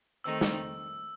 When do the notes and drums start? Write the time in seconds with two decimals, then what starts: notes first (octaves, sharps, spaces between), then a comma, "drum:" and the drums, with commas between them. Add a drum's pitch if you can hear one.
0.24 D#3 A3 C4 D#4 E6
0.41 drum: snare